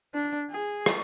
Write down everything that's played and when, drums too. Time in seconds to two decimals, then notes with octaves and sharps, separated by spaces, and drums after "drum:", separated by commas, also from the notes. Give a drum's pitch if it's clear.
0.14 D4
0.51 G#4
0.86 drum: rim click